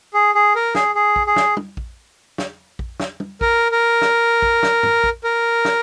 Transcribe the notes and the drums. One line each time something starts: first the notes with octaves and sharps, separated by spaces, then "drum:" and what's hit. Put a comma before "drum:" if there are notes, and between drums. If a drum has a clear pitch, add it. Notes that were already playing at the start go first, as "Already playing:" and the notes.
G#4
G#4
A#4
G#4, drum: snare
G#4
drum: kick A#1
G#4
drum: snare
drum: tom
drum: kick A#1
drum: snare
drum: kick A#1
drum: snare
drum: tom
A#4, drum: kick A#1
A#4
drum: snare
drum: kick A#1
drum: snare
drum: tom G2
drum: kick A#1
A#4
drum: snare